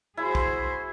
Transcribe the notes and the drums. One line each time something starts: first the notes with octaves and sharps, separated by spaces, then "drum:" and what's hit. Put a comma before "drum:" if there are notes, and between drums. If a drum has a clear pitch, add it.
E4 F#4 G#4 C5
drum: kick